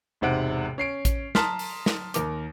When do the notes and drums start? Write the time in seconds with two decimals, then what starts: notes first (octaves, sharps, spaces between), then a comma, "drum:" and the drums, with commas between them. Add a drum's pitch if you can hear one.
0.21 E1 G#2 C3 F#5 D7
0.78 C#4 C7 D7
1.05 drum: kick A1, hi-hat
1.35 A5 A#5 C6 D#6 F6 B6, drum: snare
1.59 drum: open hi-hat
1.86 drum: snare
2.14 D#2 A#4 D6, drum: hi-hat